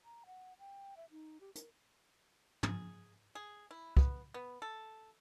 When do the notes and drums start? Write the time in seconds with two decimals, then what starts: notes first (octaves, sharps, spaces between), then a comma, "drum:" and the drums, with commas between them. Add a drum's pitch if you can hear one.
0.05 A#5
0.26 F#5
0.59 G5
0.97 E5
1.11 D#4
1.41 G4
1.55 A#4, drum: hi-hat
2.63 G#4, drum: tom
3.35 G#4
3.71 E4
3.97 B3, drum: kick
4.34 B3
4.62 A4